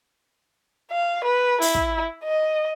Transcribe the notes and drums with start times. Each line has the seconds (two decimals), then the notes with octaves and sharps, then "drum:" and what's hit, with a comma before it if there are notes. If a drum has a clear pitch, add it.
0.91 F5
1.25 B4
1.62 E4, drum: open hi-hat
1.75 drum: kick
2.24 D#5